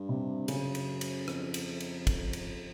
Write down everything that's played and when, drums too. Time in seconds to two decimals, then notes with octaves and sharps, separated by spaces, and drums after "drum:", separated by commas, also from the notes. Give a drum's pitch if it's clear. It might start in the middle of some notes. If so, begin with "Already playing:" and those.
Already playing: G2
0.09 C3
0.48 F#2 C#3, drum: cymbal
0.75 drum: cymbal
1.01 drum: cymbal
1.28 F2, drum: rim click
1.54 drum: cymbal
1.80 drum: cymbal
2.07 drum: kick, cymbal
2.33 drum: cymbal